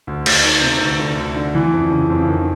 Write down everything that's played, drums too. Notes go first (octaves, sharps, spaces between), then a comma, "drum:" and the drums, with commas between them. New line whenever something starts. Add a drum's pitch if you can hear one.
D2
D2, drum: cymbal
D#3
C3
D2
D3
D2
D3
E3
F2
C#3
F2
D#3